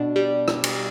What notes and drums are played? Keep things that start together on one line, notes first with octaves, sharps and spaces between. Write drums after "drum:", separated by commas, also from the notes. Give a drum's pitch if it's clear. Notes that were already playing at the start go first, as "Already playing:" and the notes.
Already playing: B2 D4
G3
drum: rim click
drum: cymbal